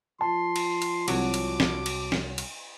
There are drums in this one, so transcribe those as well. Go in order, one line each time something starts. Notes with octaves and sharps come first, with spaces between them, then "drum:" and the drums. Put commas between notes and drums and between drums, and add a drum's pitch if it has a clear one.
F3 A5 C6
drum: cymbal
drum: cymbal
C2 F#3 D6, drum: cymbal
drum: cymbal
drum: snare
drum: cymbal
drum: snare
drum: cymbal